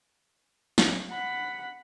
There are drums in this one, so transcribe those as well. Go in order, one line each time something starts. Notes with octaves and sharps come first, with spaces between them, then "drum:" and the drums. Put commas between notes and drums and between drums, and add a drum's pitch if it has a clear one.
drum: snare
F#5 B5